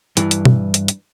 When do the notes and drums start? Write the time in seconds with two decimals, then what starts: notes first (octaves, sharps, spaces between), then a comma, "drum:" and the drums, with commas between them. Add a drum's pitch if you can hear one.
0.17 G2 E3, drum: hi-hat
0.31 drum: hi-hat
0.45 drum: tom B2
0.74 drum: hi-hat
0.88 drum: hi-hat